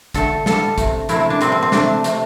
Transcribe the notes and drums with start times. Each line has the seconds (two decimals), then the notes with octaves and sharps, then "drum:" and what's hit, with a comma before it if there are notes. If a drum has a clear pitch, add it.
0.14 D3 A3 A4, drum: kick, hi-hat
0.46 D3 G3 A4, drum: snare
0.78 C3 A3, drum: kick, hi-hat
1.09 C3 A3 E4, drum: hi-hat
1.20 E4
1.30 D4
1.41 C3 G3 C4, drum: hi-hat
1.52 C4
1.63 C4
1.72 C3 A3 D4, drum: snare
2.04 C3 A3, drum: hi-hat